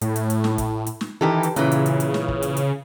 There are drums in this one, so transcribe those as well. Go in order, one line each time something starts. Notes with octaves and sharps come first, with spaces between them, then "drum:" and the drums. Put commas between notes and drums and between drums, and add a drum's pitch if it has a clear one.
A2, drum: hi-hat
drum: hi-hat
drum: hi-hat
drum: snare
drum: kick, hi-hat
drum: hi-hat
drum: snare
D#3 E3 G4 A4
drum: hi-hat
A#2 C#3 E3, drum: hi-hat
drum: hi-hat
drum: hi-hat
drum: hi-hat
drum: snare
drum: kick
drum: hi-hat
drum: hi-hat